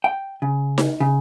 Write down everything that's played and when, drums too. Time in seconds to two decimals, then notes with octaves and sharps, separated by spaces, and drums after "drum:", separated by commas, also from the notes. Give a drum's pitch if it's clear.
0.04 G5
0.42 C#3
0.78 drum: snare D#4
1.00 C#3